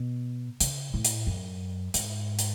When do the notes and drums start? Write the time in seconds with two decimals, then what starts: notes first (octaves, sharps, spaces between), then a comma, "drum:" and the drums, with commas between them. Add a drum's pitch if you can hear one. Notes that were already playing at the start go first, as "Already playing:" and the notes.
Already playing: B2
0.60 C#3, drum: hi-hat
0.94 A2
1.05 drum: hi-hat
1.27 F#2
1.94 G#2, drum: hi-hat
2.39 drum: hi-hat